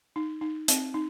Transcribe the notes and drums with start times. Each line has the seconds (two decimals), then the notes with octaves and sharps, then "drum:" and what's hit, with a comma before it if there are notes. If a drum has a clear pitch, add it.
0.16 D#4
0.41 D#4
0.68 C4, drum: hi-hat
0.94 D#4